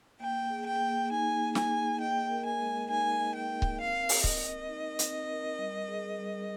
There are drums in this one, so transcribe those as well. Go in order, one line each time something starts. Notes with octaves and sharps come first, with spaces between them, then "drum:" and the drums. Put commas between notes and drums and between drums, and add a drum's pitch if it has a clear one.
A#3 G5
G#4
G5
A#3
D#4 G#5
A#3
G#5, drum: snare
G#4
D#5 G5
A#4
G#5
G#3
D#4 G#5
D#5
G5
A#4
drum: kick C#1
C4 F5
A#4, drum: open hi-hat
D#5, drum: kick C#1
C4
D#4
C4, drum: hi-hat
A#4
G3
G#4
G3